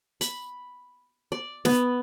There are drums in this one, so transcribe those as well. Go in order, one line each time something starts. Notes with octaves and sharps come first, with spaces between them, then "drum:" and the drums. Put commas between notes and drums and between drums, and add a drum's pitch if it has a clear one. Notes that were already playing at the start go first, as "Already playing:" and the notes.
B5, drum: hi-hat
D5
B3, drum: snare